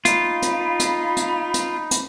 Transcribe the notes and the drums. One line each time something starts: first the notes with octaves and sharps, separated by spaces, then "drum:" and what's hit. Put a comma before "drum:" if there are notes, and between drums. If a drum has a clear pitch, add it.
D#4 F4 B5, drum: hi-hat
drum: hi-hat
drum: hi-hat
drum: hi-hat
drum: hi-hat
drum: hi-hat